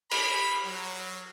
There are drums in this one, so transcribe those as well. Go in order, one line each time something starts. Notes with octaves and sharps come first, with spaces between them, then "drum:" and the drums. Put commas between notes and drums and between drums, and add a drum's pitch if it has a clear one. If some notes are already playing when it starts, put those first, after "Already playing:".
B5, drum: cymbal
F#3